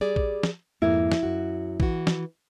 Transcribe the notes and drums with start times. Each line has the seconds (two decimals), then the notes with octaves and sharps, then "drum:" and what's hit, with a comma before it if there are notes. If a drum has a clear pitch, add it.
0.01 G3 G#4 D5
0.16 drum: kick
0.43 drum: snare
0.82 F2 G#2 A#3 E4
1.12 drum: snare
1.23 F#2 F#4
1.80 E3 F#4, drum: kick
2.07 drum: snare